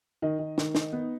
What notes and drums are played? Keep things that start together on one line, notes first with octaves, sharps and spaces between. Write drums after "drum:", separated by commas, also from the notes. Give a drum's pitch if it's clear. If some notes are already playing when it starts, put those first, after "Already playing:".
D#3 D#5
D#3
D#3, drum: snare
D#4, drum: snare
B3